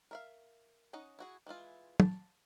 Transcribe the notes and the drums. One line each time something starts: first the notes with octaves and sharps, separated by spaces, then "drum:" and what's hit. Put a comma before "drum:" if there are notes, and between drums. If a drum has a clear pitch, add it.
A#4 E5 F5
C#4 D#4 D#5 F#5
E4 F#4 G#4
E3 G#3 E4 F4
A5, drum: tom